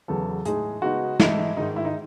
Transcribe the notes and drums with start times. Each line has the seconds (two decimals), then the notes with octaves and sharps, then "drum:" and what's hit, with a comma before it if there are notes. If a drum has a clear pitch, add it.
0.08 E2 C#3 F#3 B3 A4
0.45 A2 G#3 D#4 G#4, drum: hi-hat
0.82 C#3 G#3 B3 D#4 F#4
1.19 G#2 E3 A3 D#4 E4, drum: snare
1.57 G#2 D#3 G#3 D#4
1.76 E4
1.85 D#4